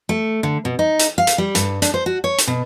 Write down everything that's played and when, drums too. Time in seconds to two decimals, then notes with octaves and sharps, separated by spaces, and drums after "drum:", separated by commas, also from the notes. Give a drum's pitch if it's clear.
0.09 A3
0.43 D3
0.65 B2
0.79 D#4
0.99 drum: hi-hat
1.18 F5
1.27 drum: hi-hat
1.38 G3
1.55 G2, drum: hi-hat
1.82 D4, drum: hi-hat
1.94 C5
2.06 F#4
2.24 C#5
2.38 drum: hi-hat
2.47 B2